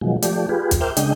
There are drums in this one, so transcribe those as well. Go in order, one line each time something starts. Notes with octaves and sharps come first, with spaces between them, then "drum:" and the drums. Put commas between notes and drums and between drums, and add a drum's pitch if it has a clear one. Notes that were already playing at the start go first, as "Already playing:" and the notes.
B2 D#3 F3 F#3 G#3
F3 A3 G4 D5, drum: hi-hat
F4 G4 G#4 B4
drum: kick, hi-hat
A#4 C5 E5 G5 D6 F6
C#3 G#3 D4 D#5 G5, drum: hi-hat